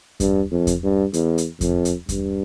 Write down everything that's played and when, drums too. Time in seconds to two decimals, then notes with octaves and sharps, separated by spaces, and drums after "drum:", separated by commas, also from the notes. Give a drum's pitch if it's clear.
0.20 G2, drum: kick E2, hi-hat
0.52 F2
0.67 drum: kick E2, hi-hat
0.83 G2
1.14 E2, drum: hi-hat
1.38 drum: hi-hat
1.61 F2, drum: kick E2, hi-hat
1.85 drum: hi-hat
2.09 G2, drum: kick E2, hi-hat